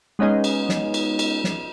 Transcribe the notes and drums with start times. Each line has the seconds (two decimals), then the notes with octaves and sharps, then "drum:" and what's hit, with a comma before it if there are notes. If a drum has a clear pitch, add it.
0.19 G#3 B3 C#4 D#4 G#4
0.44 drum: cymbal
0.69 drum: snare
0.94 drum: cymbal
1.19 drum: cymbal
1.44 drum: snare